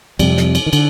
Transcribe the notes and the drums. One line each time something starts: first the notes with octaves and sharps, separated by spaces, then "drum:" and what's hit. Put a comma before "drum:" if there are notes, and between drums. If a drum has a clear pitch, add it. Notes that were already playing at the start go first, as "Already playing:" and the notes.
F2 C3 G3, drum: cymbal
drum: snare
drum: cymbal
D#3
D3, drum: cymbal